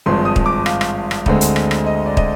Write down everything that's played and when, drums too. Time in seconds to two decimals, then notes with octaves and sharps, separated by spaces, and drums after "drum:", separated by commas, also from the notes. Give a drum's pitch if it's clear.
0.06 G#1 G2 F3 G#3 C6
0.25 D#6
0.36 drum: kick
0.46 D6
0.66 F5, drum: rim click
0.81 drum: rim click
1.11 drum: rim click
1.26 D2 D3 G#3 C4, drum: kick
1.41 drum: hi-hat
1.56 drum: rim click
1.71 drum: rim click
1.86 D#5
2.06 D5
2.17 D#5, drum: kick